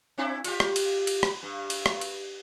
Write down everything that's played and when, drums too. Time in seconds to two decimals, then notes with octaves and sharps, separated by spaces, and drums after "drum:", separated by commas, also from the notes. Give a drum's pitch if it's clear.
0.18 C4 D4 E4
0.44 F4 G4, drum: cymbal
0.60 drum: rim click
0.76 drum: cymbal
1.07 drum: cymbal
1.23 drum: rim click
1.43 G2
1.70 drum: cymbal
1.86 drum: rim click
2.01 drum: cymbal